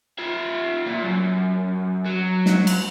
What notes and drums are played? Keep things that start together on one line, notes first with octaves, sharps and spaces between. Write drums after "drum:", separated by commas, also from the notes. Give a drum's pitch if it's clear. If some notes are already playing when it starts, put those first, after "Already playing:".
F4 E5
A#2
F#2
F#3
drum: snare
drum: cymbal